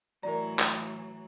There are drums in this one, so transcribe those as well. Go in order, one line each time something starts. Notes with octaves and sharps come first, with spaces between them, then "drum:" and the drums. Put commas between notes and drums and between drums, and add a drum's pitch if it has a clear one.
A2 E3 F#3 A#4 D5 A#5
drum: clap